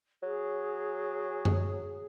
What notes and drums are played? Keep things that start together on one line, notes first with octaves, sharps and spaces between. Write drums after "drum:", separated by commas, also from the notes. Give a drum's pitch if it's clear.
F#3 G#4
drum: tom F#2